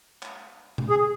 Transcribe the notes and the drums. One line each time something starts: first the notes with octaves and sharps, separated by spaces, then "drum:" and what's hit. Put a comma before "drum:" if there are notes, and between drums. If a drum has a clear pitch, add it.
drum: clap
drum: tom
G#4